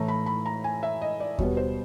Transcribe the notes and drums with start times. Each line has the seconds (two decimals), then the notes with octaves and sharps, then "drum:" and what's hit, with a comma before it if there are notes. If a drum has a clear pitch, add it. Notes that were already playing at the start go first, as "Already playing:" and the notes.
Already playing: A2 E3 A3 A#5
0.08 B5
0.26 B5
0.46 A#5
0.64 G#5
0.83 E5
1.02 D#5
1.20 D5
1.39 B2 G3 B3 C#5, drum: kick D#2
1.57 C5